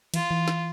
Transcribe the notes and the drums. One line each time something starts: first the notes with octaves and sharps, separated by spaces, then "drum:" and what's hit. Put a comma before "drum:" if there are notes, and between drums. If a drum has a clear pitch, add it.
E3 F4, drum: cymbal
E3
drum: snare